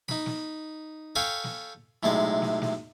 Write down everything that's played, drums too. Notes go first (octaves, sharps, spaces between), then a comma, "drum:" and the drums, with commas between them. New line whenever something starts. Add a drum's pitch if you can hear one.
D#4 B5, drum: snare
drum: snare
A4 C#5 F5 G5 G#5 B5
drum: snare
B1 A2 C3 G#3 D5
drum: snare
drum: snare